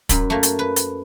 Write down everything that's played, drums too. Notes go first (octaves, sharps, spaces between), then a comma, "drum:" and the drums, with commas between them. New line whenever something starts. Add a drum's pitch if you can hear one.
F#2 B5, drum: kick, hi-hat
A3 A#3
drum: hi-hat
B4
drum: hi-hat